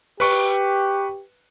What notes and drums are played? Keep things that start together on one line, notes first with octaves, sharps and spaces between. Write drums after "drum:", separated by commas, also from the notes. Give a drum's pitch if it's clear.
G4 B4 C#6, drum: open hi-hat